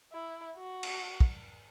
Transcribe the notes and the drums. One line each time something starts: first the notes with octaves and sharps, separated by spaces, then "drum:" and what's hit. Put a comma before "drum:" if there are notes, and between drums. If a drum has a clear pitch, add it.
E4
F#4
drum: cymbal
drum: kick